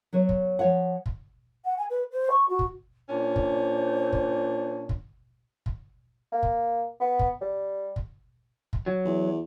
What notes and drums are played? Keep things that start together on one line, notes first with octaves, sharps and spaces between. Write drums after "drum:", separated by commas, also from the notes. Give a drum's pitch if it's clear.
F#3 B3 C#5
drum: kick F#1
F3 C#5 F#5
drum: kick F#1
F#5
G#5
B4
C5
C#6
F#4
drum: kick F#1
A#2 C#4 D4 C5
drum: kick F#1
drum: kick F#1
drum: kick F#1
drum: kick F#1
A#3
drum: kick F#1
B3
drum: kick F#1
G3
drum: kick F#1
drum: kick F#1
F#3
E2